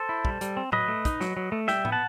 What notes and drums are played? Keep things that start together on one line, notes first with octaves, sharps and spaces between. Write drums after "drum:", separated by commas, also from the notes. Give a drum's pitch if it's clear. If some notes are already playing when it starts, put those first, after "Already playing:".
Already playing: A4 C5
E4
G3, drum: kick
G3, drum: hi-hat
C4
F#3 B4 D#5, drum: tom A2
A3
D#4, drum: kick, hi-hat
F#3, drum: snare
F#3
A3
G3 E5 G5, drum: snare
B3, drum: tom A2
F#5 A5